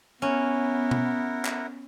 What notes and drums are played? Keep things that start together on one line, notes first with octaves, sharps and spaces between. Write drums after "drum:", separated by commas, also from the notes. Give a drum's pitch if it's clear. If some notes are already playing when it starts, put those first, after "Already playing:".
B3 C#4 E4 A#4 F#5
drum: tom
drum: clap